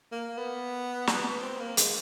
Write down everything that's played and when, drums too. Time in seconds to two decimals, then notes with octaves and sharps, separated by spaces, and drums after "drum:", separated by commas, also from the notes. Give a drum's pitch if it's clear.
0.12 A#3
0.38 B3
1.07 drum: snare
1.41 C4
1.60 A#3
1.77 G#3, drum: hi-hat